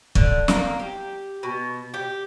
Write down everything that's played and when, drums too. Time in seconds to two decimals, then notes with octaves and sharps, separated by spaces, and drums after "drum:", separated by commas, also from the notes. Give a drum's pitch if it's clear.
0.15 D3, drum: kick
0.48 A#3, drum: snare
0.80 G4
1.43 B2
1.94 G4